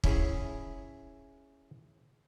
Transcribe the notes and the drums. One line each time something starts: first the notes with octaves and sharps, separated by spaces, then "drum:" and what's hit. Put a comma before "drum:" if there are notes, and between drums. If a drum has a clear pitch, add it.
C#4 E4 G#4, drum: kick